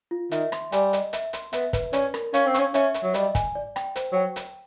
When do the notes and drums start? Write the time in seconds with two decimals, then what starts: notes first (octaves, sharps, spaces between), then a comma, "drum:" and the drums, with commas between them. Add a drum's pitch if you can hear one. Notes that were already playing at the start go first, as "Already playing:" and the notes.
0.11 F4
0.31 D#3 E5, drum: hi-hat
0.52 C6, drum: rim click
0.72 G3 G#5, drum: hi-hat
0.93 D#5, drum: hi-hat
1.13 E5, drum: hi-hat
1.33 C6, drum: hi-hat
1.53 B3 E5, drum: hi-hat
1.73 B4, drum: kick, hi-hat
1.93 C#4 D5, drum: hi-hat
2.14 A#4, drum: rim click
2.34 C#4 F5, drum: hi-hat
2.47 C4
2.54 C#4 C#6, drum: hi-hat
2.74 C#4 E5, drum: hi-hat
2.94 E5, drum: hi-hat
3.03 F#3
3.14 G3 D#5, drum: hi-hat
3.35 G#5, drum: kick, hi-hat
3.55 D5
3.76 G5, drum: rim click
3.96 C5, drum: hi-hat
4.12 F#3 G5
4.36 drum: hi-hat